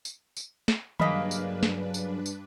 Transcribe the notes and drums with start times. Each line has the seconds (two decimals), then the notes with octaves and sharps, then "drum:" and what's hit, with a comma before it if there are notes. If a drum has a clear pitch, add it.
0.05 drum: tambourine
0.37 drum: tambourine
0.68 drum: snare
1.00 G2 C#3 F#3 A#3 D4 B4 D#5 B5, drum: tom D#3
1.31 drum: tambourine
1.63 drum: snare
1.94 drum: tambourine
2.26 drum: tambourine